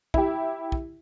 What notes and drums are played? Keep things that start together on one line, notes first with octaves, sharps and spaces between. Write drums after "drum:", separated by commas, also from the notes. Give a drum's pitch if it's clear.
E4 G4, drum: kick
drum: kick